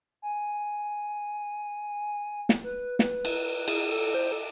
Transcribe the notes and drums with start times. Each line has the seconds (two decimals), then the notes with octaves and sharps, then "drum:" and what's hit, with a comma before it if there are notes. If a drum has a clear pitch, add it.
0.22 G#5
2.49 drum: snare
2.63 B4
2.99 B4, drum: snare
3.25 drum: cymbal
3.68 G#4, drum: cymbal
3.91 A4
4.14 C5
4.32 A4